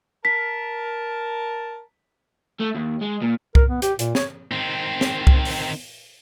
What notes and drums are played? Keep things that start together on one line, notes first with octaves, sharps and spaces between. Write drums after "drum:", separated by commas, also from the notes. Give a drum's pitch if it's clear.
A#4 A5 B6
A3
D#2
G#3
A#2
A#4, drum: kick C2
B3
G4, drum: hi-hat
A#2, drum: hi-hat
C#5, drum: snare
D#3 C4
drum: snare
drum: kick C2
drum: open hi-hat